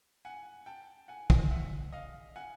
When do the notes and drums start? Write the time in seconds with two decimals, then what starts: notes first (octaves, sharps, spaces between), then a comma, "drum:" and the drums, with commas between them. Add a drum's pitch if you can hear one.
0.25 F#5 G#5
0.66 G5 A5
1.08 F#5 G#5
1.30 drum: kick
1.51 E5 F#5
1.92 D#5 F5
2.36 F#5 G#5